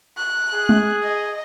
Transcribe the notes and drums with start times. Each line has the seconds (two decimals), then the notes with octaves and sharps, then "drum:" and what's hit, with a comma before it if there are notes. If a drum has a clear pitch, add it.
0.17 F#6
0.53 G#4
0.69 drum: tom G#3
1.03 D#5